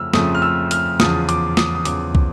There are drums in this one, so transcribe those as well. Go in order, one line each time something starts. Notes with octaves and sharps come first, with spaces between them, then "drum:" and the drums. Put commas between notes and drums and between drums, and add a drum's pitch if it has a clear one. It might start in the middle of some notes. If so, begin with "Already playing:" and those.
Already playing: F2 C#3 F3 A3 E6 F6
F2 C#3 F3 A3 D#6, drum: snare
F6
E6
F6, drum: hi-hat
E2 C#3 F3 D#6, drum: snare
D6, drum: hi-hat
D#6, drum: snare
D#6
E2 C#3 F3 D6, drum: hi-hat
drum: kick